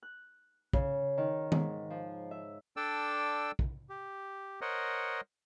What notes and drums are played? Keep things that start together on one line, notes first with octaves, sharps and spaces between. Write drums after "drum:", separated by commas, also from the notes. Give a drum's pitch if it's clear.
F#6
C#3, drum: kick
D#3
G#2, drum: tom D#3
F3
E5
D4 A4 D5 G5 E6
drum: kick
G4
A#4 C5 C#5 D#5 F#5